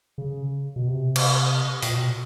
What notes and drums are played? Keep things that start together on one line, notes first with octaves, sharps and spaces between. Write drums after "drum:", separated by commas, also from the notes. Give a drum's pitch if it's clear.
C#3
B2
C3
drum: cymbal
A#2, drum: open hi-hat
B2